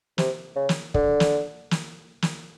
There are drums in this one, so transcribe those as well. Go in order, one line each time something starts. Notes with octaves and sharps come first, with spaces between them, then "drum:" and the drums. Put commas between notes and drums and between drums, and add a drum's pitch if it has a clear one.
C3, drum: snare
C#3
drum: snare
D3, drum: kick
drum: snare
drum: snare
drum: snare